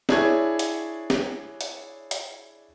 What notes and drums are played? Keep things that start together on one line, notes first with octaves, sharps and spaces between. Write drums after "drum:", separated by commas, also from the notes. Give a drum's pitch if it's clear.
D4 E4 G#4 C#5 G#6, drum: snare
drum: hi-hat
drum: snare
drum: hi-hat
drum: hi-hat